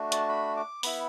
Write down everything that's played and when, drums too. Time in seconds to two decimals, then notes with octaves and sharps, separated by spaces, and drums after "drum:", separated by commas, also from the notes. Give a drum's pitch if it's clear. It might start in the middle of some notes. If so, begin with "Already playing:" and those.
Already playing: A3 D4 F#4
0.12 A5, drum: hi-hat
0.29 B5
0.57 D6
0.83 B3 E4 B5, drum: open hi-hat